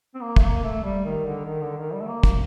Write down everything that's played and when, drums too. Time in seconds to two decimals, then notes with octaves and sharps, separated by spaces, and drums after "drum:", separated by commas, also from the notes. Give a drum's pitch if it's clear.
0.14 C4
0.22 A#3
0.36 A3, drum: kick
0.43 A#3
0.63 A3
0.84 G3
1.05 D#3
1.25 D3
1.45 D#3
1.62 D3
1.77 D#3
1.93 G3
2.01 A3
2.07 A#3
2.23 drum: kick